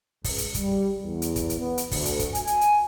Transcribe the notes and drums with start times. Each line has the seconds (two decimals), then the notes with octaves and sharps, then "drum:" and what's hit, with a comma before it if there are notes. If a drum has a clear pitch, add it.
0.24 C#2, drum: kick, open hi-hat
0.38 drum: hi-hat
0.55 G3, drum: kick, hi-hat
1.03 E2
1.22 drum: hi-hat
1.36 drum: kick, hi-hat
1.50 drum: hi-hat
1.59 B3
1.78 drum: hi-hat
1.91 D2, drum: kick, open hi-hat
2.05 drum: hi-hat
2.19 drum: kick, hi-hat
2.35 G#5, drum: hi-hat
2.47 drum: hi-hat
2.61 drum: hi-hat